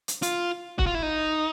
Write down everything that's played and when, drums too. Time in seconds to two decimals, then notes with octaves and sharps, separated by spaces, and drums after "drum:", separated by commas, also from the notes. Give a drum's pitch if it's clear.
0.08 drum: hi-hat
0.22 F4, drum: hi-hat
0.79 F#4, drum: kick
0.86 F4
0.95 E4
1.03 D#4